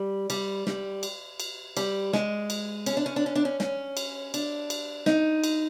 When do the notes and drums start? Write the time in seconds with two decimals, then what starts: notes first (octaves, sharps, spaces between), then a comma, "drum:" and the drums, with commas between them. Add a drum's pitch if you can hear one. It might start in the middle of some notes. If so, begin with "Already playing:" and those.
Already playing: G3
0.30 G3, drum: cymbal
0.67 G3, drum: snare
1.03 drum: cymbal
1.40 drum: cymbal
1.77 G3, drum: cymbal
2.13 G#3, drum: snare
2.50 drum: cymbal
2.86 C#4, drum: cymbal
2.97 D4
3.06 C#4
3.16 D4
3.26 C#4
3.35 D4
3.45 C#4
3.60 C#4, drum: snare
3.97 drum: cymbal
4.34 D4, drum: cymbal
4.70 drum: cymbal
5.06 D#4, drum: snare
5.44 drum: cymbal